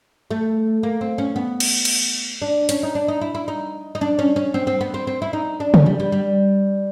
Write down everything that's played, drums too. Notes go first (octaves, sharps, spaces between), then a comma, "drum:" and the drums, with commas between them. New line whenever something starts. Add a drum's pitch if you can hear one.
A3
A#3
C4
C#4
B3
drum: cymbal
drum: cymbal
D4
C#4, drum: hi-hat
D#4
D4
D#4
E4
E4
D#4
D#4
D4
C#4
C#4
C4
C4
B3
C4
C4
E4
D#4
D4
C#4, drum: tom C#3
G3
G3
G3